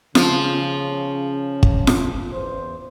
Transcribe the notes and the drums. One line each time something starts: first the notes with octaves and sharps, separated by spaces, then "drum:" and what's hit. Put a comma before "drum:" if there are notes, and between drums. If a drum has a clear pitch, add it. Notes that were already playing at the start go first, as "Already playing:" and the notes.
C#3 F3, drum: snare F4
drum: kick
drum: snare F4
E2 C5